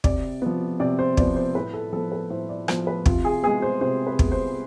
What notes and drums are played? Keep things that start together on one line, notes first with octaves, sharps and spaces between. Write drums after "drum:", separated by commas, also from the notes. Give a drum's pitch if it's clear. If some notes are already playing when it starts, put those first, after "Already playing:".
C3 D5, drum: kick
F3 B3
C3 D5
C5
F3 B3 D5, drum: kick
C5
A2 B4
A4
F3 B3 A4
B4
A2 C5
D5
F3 B3 C5, drum: rim click
B4
C3 F4, drum: kick
G#4
G#3 B3 G#4
C5
C3 C5
B4
G#3 B3, drum: kick
C5